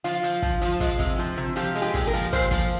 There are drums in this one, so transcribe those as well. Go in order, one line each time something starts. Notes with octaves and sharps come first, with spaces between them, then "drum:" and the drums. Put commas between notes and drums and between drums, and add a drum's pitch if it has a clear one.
F3 F4, drum: hi-hat
F3, drum: hi-hat
F3, drum: kick
F3, drum: hi-hat
G#3, drum: kick, hi-hat
C3, drum: kick, hi-hat
F3
C3
F3 G4, drum: hi-hat
G#3, drum: hi-hat
G4
A#2, drum: kick, hi-hat
A#4
F3, drum: hi-hat
A#2 C5, drum: kick, hi-hat
F3, drum: kick, hi-hat